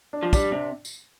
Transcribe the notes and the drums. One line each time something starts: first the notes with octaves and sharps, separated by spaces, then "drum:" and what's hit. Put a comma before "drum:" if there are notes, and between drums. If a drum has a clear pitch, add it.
D4
F3
G3 D4, drum: kick, tambourine
C3 D4
drum: tambourine